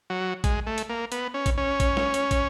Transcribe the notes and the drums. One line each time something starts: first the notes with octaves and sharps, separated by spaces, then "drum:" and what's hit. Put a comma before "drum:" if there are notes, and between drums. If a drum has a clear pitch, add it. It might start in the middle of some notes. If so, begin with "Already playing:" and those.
F#3
G#3, drum: kick, hi-hat
A3
drum: hi-hat
A#3
B3, drum: hi-hat
C#4
drum: kick, hi-hat
C#4
drum: kick, hi-hat
drum: snare
drum: hi-hat
drum: kick, hi-hat